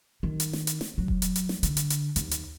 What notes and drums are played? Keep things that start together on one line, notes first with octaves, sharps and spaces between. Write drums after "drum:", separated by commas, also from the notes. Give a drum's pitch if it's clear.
D#3
drum: hi-hat
drum: snare
drum: hi-hat
drum: snare
F#3
drum: kick E1
drum: hi-hat
drum: hi-hat
drum: snare
D3, drum: hi-hat
drum: hi-hat
drum: hi-hat
D#2, drum: hi-hat
drum: hi-hat